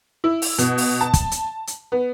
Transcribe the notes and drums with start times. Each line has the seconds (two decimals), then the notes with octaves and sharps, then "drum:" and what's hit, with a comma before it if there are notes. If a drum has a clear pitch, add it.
0.24 E4
0.42 drum: open hi-hat
0.58 B2, drum: hi-hat
0.78 drum: open hi-hat
1.01 A5
1.14 drum: kick, hi-hat
1.31 drum: hi-hat
1.67 drum: hi-hat
1.92 B3